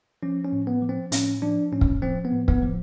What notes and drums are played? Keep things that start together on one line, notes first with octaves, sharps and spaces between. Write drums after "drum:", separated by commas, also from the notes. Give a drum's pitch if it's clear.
F3 C#4
C#4
A2
B3
F3
C4
A2 C#4, drum: hi-hat
F3 D4
A2 C#4
drum: kick
F3 C4
B3
A2
B3, drum: kick
F3